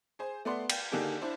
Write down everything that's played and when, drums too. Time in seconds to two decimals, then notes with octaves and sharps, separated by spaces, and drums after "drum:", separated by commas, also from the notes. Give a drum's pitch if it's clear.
0.19 G#4 C5
0.45 A3 B3 D5 F#5 C6
0.70 G5, drum: cymbal
0.92 D3 D#3 A#3 D4 G4 G#4
1.22 D4 E4 C5